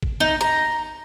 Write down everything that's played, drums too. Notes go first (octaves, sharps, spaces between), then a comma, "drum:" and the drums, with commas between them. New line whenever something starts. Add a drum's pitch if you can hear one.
drum: kick G#1
D#4, drum: snare
A#5